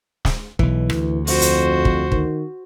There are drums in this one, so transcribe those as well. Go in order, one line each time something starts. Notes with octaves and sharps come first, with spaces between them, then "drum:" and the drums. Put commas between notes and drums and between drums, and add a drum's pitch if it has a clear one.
drum: snare
B1 E3, drum: kick
D2 E3, drum: rim click
F2 F#4 C5, drum: open hi-hat
drum: hi-hat
drum: kick
D#3, drum: kick